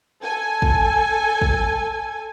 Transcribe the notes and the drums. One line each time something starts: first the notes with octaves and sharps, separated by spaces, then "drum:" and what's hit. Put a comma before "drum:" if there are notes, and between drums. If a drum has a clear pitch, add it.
A4 G#5
drum: kick
drum: kick